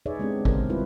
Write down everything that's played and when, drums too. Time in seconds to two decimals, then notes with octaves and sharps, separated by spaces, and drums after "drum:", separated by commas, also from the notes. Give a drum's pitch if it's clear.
0.06 D#4 G#4 B4 C#5 D5 E5
0.19 G#3 B3 C4 D4 G4
0.45 B2 D3 C4 A#4 C5, drum: kick
0.69 G3 C4 E4 F4 B4